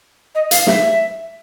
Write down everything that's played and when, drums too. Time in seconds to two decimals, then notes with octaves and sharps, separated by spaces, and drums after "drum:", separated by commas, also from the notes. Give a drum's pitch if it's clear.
0.35 D#5
0.51 F5, drum: hi-hat
0.67 E5, drum: snare